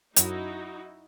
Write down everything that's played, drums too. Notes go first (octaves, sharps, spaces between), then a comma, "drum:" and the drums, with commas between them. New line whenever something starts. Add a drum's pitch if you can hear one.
F#2 F#3 D#4 E4 F#4, drum: hi-hat